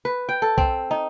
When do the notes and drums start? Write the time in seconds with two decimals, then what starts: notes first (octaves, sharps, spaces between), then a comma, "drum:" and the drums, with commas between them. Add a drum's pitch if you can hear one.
0.05 B4
0.29 G5
0.42 A4
0.58 C4, drum: kick B1
0.91 D#4